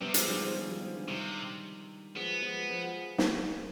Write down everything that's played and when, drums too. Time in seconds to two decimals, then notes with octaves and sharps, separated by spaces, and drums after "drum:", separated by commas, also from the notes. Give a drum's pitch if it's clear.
0.01 C3 G3 B3
0.14 F3 G#3, drum: hi-hat
0.28 D#3 G3
0.41 F3 G#3
0.55 F3 G#3
0.68 D#3 G3
0.81 F3 G#3
0.95 D3 F3
1.08 C3 D#3 G3
2.16 F3 G#3 B3
2.42 F3 G#3
2.69 F3 G#3
3.18 drum: snare